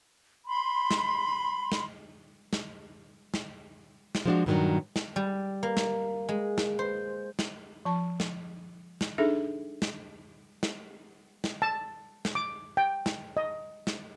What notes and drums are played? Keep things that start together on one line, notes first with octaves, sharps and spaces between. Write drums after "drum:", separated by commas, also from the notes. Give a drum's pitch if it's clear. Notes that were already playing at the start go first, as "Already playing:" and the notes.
B5 C6
drum: snare
drum: snare
drum: snare
drum: snare
drum: snare
F3 G#3 B3 D4 F4 F#4
G2 A#2 D#3 E3 F#3 D4
drum: snare
G3
A#3
drum: snare
G#3
drum: snare
C5
drum: snare
F3 A5
drum: snare
drum: snare
D4 D#4 G#4 A4 E5
drum: snare
drum: snare
drum: snare
A5
drum: snare
D6
G5
drum: snare
D#5
drum: snare